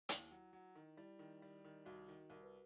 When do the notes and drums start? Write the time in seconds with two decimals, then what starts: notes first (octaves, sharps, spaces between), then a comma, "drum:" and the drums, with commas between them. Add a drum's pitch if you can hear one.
0.09 D#2 E4, drum: hi-hat
0.31 F#3
0.53 F#3
0.75 D#3
0.97 G3 E4
1.19 D#3
1.42 G3
1.65 D#3
1.85 C2 F#4
2.08 D#3
2.30 C2 A#4
2.43 B4